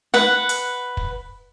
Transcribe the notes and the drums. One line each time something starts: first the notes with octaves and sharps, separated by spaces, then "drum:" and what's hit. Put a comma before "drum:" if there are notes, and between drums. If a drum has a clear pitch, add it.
B4 F#5, drum: snare
drum: hi-hat
drum: kick